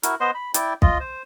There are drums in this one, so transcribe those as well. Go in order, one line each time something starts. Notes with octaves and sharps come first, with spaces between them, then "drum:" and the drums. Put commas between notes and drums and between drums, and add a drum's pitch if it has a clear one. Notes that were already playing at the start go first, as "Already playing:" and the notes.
E4 F#4 A#4, drum: hi-hat
B3 C5 D#5 C6
B5
E4 D5 G5, drum: hi-hat
F4 D#5, drum: kick
C5